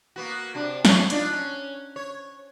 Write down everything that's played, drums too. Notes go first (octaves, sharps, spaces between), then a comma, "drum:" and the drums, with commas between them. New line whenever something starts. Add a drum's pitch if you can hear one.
A#3 B3 F#4
C3 D4
E3 F#3 C#5, drum: snare
D4 D#4 F4, drum: hi-hat
C#4
C#5